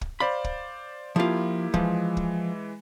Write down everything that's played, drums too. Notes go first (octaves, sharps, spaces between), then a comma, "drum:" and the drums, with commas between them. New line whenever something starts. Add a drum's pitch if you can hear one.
drum: kick
C5 D5 F5 B5
drum: kick
F3 A#3 E4 F4 G4
E3 F3 G#3, drum: kick
drum: kick